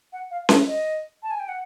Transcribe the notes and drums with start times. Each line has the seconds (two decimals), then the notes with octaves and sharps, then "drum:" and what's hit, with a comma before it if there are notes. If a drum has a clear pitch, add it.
0.13 F#5
0.31 F5
0.49 E5, drum: snare C#4
0.67 D#5
1.23 A5
1.31 G#5
1.40 G5
1.48 F#5